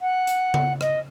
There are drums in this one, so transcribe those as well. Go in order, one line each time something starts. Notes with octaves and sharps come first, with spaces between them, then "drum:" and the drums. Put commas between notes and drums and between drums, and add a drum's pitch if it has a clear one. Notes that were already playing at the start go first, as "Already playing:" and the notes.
F#5
drum: hi-hat
drum: tom C#3
D#5, drum: rim click